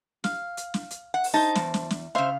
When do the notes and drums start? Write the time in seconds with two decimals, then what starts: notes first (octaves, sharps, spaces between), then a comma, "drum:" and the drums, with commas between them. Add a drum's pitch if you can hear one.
0.24 F5, drum: snare
0.57 drum: hi-hat
0.74 drum: snare
0.91 drum: hi-hat
1.14 F#5
1.24 drum: open hi-hat
1.34 D#4 C5 A5
1.55 E2, drum: snare
1.74 drum: snare
1.90 drum: snare
2.15 C#3 C5 E5 F5 C6